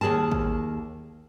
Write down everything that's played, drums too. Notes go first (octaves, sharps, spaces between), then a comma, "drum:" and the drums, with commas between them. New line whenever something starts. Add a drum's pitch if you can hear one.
D#2 D#3 G#4 A#4 A5
drum: kick A1